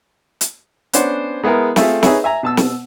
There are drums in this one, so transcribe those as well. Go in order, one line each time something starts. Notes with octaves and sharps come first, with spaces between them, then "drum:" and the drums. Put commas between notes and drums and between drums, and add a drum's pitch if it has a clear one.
drum: hi-hat
B3 C#4 D4 C5 F#5, drum: hi-hat
G#3 B3 E4 G#4 A#4
A3 C4 F4 G#4 A4 E5, drum: snare
D#4 G#4 B4 C#5 E5, drum: snare
E5 G#5 A#5
B2 A5 E6
drum: snare